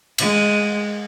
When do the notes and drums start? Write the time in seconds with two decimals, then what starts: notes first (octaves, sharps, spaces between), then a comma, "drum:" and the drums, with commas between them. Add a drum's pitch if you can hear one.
0.18 G#3, drum: cymbal